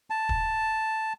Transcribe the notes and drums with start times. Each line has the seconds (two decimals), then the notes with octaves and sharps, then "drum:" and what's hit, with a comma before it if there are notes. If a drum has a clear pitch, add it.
0.10 A5
0.29 drum: kick